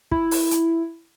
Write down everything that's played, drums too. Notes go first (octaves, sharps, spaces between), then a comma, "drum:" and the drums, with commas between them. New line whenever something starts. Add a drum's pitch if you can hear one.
E4, drum: kick
drum: open hi-hat
drum: hi-hat